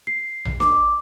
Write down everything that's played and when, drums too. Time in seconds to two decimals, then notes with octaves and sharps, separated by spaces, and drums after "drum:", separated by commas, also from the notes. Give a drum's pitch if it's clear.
0.07 C7
0.45 drum: tom A#1
0.60 D6, drum: snare